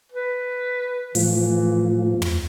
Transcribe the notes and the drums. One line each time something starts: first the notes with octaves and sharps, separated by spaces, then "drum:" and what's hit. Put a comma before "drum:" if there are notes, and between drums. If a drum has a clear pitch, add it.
B4
A2 E3 F3, drum: open hi-hat
drum: tom